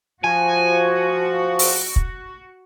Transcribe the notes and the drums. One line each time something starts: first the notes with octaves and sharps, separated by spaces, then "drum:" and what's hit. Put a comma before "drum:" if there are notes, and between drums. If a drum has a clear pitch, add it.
F3 F#4 G#5
drum: open hi-hat
drum: kick